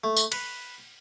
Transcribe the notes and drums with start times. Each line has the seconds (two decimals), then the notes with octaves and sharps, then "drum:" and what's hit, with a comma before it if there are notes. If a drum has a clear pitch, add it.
0.04 A3
0.16 drum: tambourine
0.32 B4, drum: cymbal